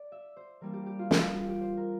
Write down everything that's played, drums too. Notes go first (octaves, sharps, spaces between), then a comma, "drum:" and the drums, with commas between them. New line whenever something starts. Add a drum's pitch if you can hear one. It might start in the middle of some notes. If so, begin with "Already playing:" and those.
Already playing: D5
E5
C5
E3 G3 A#3 D4 A#4
G4
G4
F4
F4, drum: snare
F4
F4
G4
C5
A#4